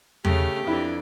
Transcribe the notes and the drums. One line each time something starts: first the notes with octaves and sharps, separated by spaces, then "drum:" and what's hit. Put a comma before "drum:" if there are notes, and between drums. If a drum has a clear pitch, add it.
C#3 A3 G4 F6, drum: tom E2
F2 E3 D4 E4